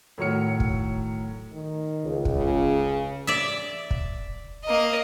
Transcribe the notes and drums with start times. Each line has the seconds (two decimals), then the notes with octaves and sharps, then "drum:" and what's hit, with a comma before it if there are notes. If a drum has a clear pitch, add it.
0.18 A2 D#3 F#3 C#5 F6 C#7
0.60 drum: kick
1.53 D#3
2.05 C#2
2.25 drum: kick
2.36 C#3
3.27 D5 E5
3.91 drum: kick
4.65 A#3 D#5